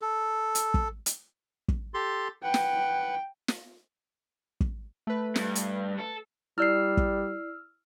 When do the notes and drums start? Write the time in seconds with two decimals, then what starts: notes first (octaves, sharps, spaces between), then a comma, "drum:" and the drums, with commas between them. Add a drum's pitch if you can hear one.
0.02 A4
0.55 drum: hi-hat
0.74 drum: kick
1.06 drum: hi-hat
1.68 drum: kick
1.94 G4 A4 C6
2.44 B4 F#5 G5
2.54 drum: snare
3.48 drum: snare
4.60 drum: kick
5.07 A3 B4
5.36 G2, drum: snare
5.55 drum: hi-hat
5.99 A4
6.58 G3 E4 D5 E6 F6 C7
6.97 drum: kick